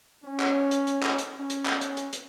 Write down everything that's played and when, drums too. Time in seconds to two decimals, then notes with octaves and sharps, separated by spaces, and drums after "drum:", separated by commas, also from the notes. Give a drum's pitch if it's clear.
0.24 C#4
0.40 drum: clap
0.71 drum: hi-hat
0.87 drum: hi-hat
1.03 drum: clap
1.18 drum: hi-hat
1.39 C#4
1.50 drum: hi-hat
1.66 drum: clap
1.81 drum: hi-hat
1.97 drum: hi-hat
2.13 drum: hi-hat